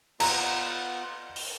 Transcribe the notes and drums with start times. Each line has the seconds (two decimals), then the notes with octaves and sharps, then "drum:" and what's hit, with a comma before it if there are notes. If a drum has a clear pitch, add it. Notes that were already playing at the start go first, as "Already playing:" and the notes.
0.20 B3 F4 F#5 A#5, drum: cymbal
1.36 drum: open hi-hat